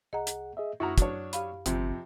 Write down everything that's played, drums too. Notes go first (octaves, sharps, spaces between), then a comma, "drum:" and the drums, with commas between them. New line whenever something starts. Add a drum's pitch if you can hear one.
C2 G#4 D#5 F#5 A#5
drum: hi-hat
G#4 D#5 E5
F#2 E4 F#4 A#5 C#6 D#6 F6
F#3 D4 C#5, drum: kick, hi-hat
G4 F5 B5, drum: hi-hat
G1 F2 C3 C4, drum: hi-hat